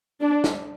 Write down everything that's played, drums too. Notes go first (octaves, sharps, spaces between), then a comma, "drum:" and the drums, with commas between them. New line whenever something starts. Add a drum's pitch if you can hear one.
D4
drum: snare